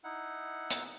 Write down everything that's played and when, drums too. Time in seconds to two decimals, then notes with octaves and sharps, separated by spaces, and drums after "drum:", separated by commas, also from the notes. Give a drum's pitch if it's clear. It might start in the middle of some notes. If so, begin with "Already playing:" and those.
0.04 D#4 E4 F#5
0.71 drum: hi-hat